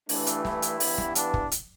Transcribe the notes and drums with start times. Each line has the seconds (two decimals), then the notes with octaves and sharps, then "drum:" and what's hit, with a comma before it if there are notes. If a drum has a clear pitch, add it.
0.09 G2 E3 A3 D4, drum: open hi-hat
0.27 drum: hi-hat
0.45 E4, drum: snare
0.62 drum: hi-hat
0.80 G2 E3 B3, drum: open hi-hat
0.98 drum: snare
1.15 D4, drum: hi-hat
1.34 drum: kick
1.52 drum: hi-hat